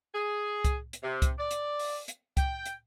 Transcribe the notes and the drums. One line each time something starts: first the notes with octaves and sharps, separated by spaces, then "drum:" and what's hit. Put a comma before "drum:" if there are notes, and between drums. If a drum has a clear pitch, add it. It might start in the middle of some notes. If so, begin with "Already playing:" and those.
G#4
drum: kick C2, hi-hat
drum: hi-hat
C3
drum: kick C2, hi-hat
D5
drum: hi-hat
drum: open hi-hat
drum: hi-hat
G5, drum: kick C2, hi-hat
drum: hi-hat